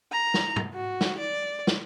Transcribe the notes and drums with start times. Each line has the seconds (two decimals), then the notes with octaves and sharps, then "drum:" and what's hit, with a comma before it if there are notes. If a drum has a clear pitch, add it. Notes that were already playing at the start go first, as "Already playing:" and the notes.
0.12 A#5
0.34 drum: snare
0.56 drum: tom
0.74 F#4
1.01 drum: snare
1.19 D5
1.67 drum: snare